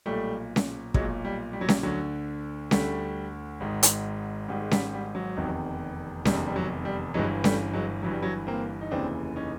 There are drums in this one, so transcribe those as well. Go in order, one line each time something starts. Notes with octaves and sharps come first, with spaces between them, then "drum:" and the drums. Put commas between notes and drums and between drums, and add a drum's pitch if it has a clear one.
B1 A#2 G3 A3
drum: snare C#4
B1 A#2 F#3 G#3, drum: kick
G3
G3
F#3
G3, drum: snare C#4
D2 D3 F#3
D2 D3 G3 A3, drum: snare C#4
G#1 G#2 D#3
drum: hi-hat
G#1 G#2 D#3 G3
G#3
G3, drum: snare C#4
G3
F#3
F1 E2 C3 D#3
F1 E2 C3 D#3 G3, drum: snare C#4
G3
F#3
G3
G1 G2 E3 F#3 G#3
G3 A3, drum: snare C#4
F#3 G#3
G1 G2 E3 F#3
G3
F#3
A#3 C4
D#4
F1 D#2 C#3 E3 C4 D4
C#4 D#4